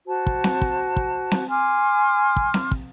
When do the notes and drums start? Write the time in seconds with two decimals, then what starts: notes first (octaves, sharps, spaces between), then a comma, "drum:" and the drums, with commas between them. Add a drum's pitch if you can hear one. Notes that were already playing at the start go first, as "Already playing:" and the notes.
0.07 F#4 C5 A5
0.27 drum: kick
0.44 drum: snare C4
0.61 drum: kick
0.96 drum: kick
1.31 drum: snare C4
1.49 G#5 C6 D6 F6
2.36 drum: kick
2.54 drum: snare C4
2.71 drum: kick